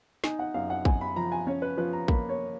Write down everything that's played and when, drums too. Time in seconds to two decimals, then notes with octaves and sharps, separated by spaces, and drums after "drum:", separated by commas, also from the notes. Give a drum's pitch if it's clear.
0.24 D#4 G#5, drum: snare
0.39 F#5
0.54 F#2 F5
0.70 F#5
0.85 F#2 G#5, drum: kick
1.01 B5
1.16 F3 A#5
1.32 G#5
1.47 C#4 C#5
1.62 B4
1.77 F3 B4
1.93 A#5
2.08 A#3 B5, drum: kick
2.29 C#5